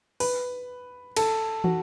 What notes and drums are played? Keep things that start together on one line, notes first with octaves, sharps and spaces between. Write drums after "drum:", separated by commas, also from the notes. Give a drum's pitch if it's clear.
B4, drum: open hi-hat
A4, drum: cymbal
F#4, drum: tom